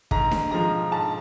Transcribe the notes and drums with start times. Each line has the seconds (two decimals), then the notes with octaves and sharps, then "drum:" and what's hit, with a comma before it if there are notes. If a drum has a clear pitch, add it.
0.11 G#2 A#5, drum: kick
0.31 drum: snare D4
0.51 F3 G#3 A#5
0.92 G#2 A5